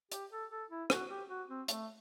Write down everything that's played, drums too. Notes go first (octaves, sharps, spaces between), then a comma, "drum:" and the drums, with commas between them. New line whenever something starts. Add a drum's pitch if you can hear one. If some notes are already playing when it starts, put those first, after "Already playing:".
G4, drum: hi-hat
A4
A4
E4
F#4, drum: rim click
G4
F#4
C4
A3, drum: hi-hat